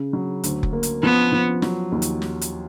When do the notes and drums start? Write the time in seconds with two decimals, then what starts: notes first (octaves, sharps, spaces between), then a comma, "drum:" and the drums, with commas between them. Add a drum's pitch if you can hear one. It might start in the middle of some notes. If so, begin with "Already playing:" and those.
Already playing: C#3
0.13 F#3
0.44 D2, drum: hi-hat
0.63 drum: kick F1
0.73 A#3
0.83 drum: hi-hat
1.03 F3 B3
1.32 F3
1.62 F#3, drum: snare
1.92 D#2
2.02 drum: hi-hat
2.22 drum: snare
2.41 drum: hi-hat